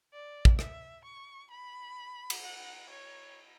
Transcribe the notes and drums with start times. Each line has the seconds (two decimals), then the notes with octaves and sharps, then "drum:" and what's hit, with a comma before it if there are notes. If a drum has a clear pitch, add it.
0.13 D5
0.45 drum: kick
0.59 E5, drum: rim click
1.05 C#6
1.51 B5
2.30 drum: cymbal
2.44 F#5
2.90 C#5